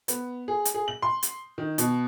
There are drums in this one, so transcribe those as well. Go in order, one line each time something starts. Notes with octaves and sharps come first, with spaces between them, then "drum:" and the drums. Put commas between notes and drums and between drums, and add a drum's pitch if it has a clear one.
B3, drum: hi-hat
G#4
drum: hi-hat
G#4
F#7
C6
drum: hi-hat
D#3
B2, drum: hi-hat